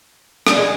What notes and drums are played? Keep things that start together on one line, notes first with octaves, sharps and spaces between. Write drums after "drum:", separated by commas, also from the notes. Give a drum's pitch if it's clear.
G3, drum: rim click
G#3